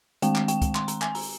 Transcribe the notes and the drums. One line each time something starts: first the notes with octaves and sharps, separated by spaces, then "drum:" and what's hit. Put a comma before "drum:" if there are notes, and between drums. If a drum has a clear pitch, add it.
D#3 G#3 C4 G5, drum: hi-hat
drum: clap
G5, drum: hi-hat
drum: kick, hi-hat
C6, drum: clap
A#5, drum: hi-hat
G#5, drum: clap
A#5, drum: open hi-hat